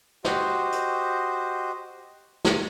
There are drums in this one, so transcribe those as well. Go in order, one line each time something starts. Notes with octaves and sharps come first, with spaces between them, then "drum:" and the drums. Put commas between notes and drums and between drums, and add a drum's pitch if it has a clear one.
F#4 G4 C5 D#5, drum: snare
drum: hi-hat
drum: snare